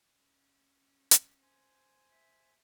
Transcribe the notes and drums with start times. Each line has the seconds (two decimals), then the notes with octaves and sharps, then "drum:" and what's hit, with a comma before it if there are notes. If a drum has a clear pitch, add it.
0.16 C#4
1.11 drum: hi-hat
1.42 C5 G#5
2.11 E5